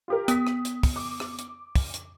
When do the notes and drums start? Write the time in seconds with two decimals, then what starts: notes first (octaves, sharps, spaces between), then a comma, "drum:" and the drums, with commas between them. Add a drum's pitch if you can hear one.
0.08 F4 G4 A#4
0.28 B3 D#6 B6, drum: hi-hat
0.47 drum: rim click
0.65 drum: hi-hat
0.83 drum: kick, open hi-hat
0.96 D6
1.20 drum: rim click
1.39 drum: hi-hat
1.75 drum: kick, open hi-hat
1.94 drum: hi-hat